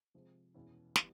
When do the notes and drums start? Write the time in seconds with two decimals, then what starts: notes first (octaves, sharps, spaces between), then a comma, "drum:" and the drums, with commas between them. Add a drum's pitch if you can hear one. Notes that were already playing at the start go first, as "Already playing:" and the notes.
0.14 C3 F3 G#3
0.54 E2 B2 G#3 C#4 E4
0.96 E3 G3 B3, drum: snare